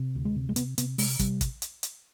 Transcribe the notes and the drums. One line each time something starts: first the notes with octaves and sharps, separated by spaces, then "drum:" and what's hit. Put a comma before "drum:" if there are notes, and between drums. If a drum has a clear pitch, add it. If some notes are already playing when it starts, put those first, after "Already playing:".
Already playing: C3
D2
G#3
C3
G#3
C3 B3, drum: hi-hat
C3 B3, drum: hi-hat
C3 G#3, drum: open hi-hat
C3 G3, drum: kick, hi-hat
drum: kick, hi-hat
drum: hi-hat
drum: hi-hat